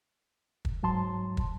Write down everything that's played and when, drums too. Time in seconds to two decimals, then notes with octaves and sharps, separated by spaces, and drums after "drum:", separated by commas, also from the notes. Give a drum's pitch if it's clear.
0.65 drum: kick
0.83 G#2 F#3 A5 C6
1.37 drum: kick